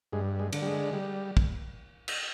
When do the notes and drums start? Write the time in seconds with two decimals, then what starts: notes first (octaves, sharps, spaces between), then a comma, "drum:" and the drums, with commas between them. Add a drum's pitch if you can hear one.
0.13 G2 G#3
0.39 G#3
0.53 D3, drum: cymbal
0.62 G3
0.66 G#3
0.93 G3
1.37 drum: kick
2.08 drum: cymbal